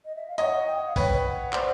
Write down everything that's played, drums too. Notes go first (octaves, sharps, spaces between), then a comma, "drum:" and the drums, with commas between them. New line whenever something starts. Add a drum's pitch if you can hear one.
D#5
E5
F5
C#5 D#5 F#5, drum: hi-hat
G5
F#5
F5
B4 C#5 G5, drum: kick A#1, open hi-hat
F#5
C5 D5, drum: clap